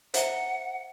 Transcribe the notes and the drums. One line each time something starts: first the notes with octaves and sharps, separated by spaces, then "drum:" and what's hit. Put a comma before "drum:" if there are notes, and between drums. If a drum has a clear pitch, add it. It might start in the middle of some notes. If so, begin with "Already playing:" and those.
C5 E5 F#5 A#5, drum: hi-hat